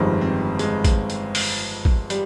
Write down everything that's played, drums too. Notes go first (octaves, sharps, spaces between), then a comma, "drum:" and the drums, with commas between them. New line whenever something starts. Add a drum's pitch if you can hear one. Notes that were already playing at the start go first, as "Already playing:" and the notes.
Already playing: G1 F2 D#3 G3 G#3
C4
G#3, drum: hi-hat
drum: kick, hi-hat
drum: hi-hat
drum: open hi-hat
drum: kick
G3, drum: hi-hat